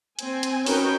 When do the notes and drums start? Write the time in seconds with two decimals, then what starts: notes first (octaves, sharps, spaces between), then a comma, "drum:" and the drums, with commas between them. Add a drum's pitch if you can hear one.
0.19 C4 G#5, drum: hi-hat
0.43 drum: hi-hat
0.66 C#4 D#4 F#4 A#4 B4 G5, drum: open hi-hat